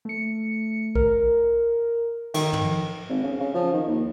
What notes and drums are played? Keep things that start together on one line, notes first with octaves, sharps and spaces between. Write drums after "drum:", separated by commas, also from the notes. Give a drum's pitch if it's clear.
A3 C#7
A#4, drum: kick B1
D#3, drum: cymbal
drum: tom
G#1
C#3
C#3
F3
D#3
D#2